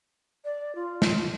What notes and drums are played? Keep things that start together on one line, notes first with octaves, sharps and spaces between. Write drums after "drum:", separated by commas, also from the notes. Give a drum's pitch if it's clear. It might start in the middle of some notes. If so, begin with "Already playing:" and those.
D5
F4
drum: snare